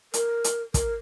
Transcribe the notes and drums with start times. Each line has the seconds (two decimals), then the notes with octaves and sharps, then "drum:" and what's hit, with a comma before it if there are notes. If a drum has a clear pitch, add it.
0.14 A#4, drum: hi-hat
0.44 drum: hi-hat
0.74 A#4, drum: kick, hi-hat